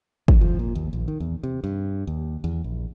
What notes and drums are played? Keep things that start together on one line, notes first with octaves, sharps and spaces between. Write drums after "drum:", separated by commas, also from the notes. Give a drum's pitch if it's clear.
G#1, drum: kick
F3
A#2
D#2
A#1
D#3
E2
C3
G2
D#2
E2
A#1